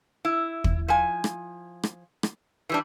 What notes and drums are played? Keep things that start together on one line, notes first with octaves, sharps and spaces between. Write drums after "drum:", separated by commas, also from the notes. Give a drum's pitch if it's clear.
E4
drum: kick
F3 G#5
drum: rim click
drum: rim click
drum: rim click
E3 G3 D4